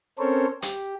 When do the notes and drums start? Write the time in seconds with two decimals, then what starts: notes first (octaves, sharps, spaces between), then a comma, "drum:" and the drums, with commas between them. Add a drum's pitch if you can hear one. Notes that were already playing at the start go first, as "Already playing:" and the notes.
0.19 C4 C#4 A4 A#4 C5 C#5
0.62 G4, drum: hi-hat